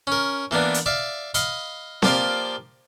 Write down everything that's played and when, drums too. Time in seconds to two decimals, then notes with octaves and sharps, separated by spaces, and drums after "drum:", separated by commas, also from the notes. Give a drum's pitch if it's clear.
0.07 C#4 A#4
0.51 E3 A#3 B3 D4
0.74 drum: hi-hat
0.86 D5 E5 F5
1.34 D#5 F5 B5, drum: hi-hat
2.02 F3 A#3 G4 D5 F5, drum: snare C4